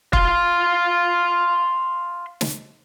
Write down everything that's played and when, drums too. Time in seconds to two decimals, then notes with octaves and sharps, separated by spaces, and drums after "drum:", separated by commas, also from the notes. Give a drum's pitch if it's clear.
0.13 F5 C6, drum: kick
2.41 drum: snare